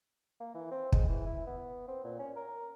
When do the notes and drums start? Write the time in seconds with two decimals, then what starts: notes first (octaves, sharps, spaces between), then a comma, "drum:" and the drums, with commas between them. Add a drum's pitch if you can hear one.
0.40 A#3
0.55 E3
0.71 C4
0.92 G#3, drum: kick
1.09 E3
1.26 E4
1.47 B3
1.88 C4
2.04 A#2
2.19 C#4
2.36 A#4